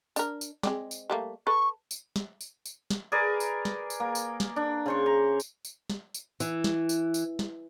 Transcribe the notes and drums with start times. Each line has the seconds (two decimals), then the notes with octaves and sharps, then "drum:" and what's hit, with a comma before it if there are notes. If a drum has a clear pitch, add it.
0.16 D4 A#4, drum: tambourine
0.41 drum: tambourine
0.63 G#3 C4 D5, drum: snare
0.91 drum: tambourine
1.10 G3 A3 A#3
1.47 A4 B4 C#6
1.91 drum: tambourine
2.16 drum: snare
2.41 drum: tambourine
2.66 drum: tambourine
2.90 drum: snare
3.12 G#4 A#4 B4 D5
3.40 drum: tambourine
3.65 drum: snare
3.90 drum: tambourine
4.00 A#3
4.15 drum: tambourine
4.40 drum: snare
4.56 D4
4.86 C#3 C5 C#6
5.06 A#5
5.40 drum: tambourine
5.65 drum: tambourine
5.90 drum: snare
6.14 drum: tambourine
6.40 E3, drum: tambourine
6.64 drum: snare
6.89 drum: tambourine
7.14 drum: tambourine
7.39 drum: snare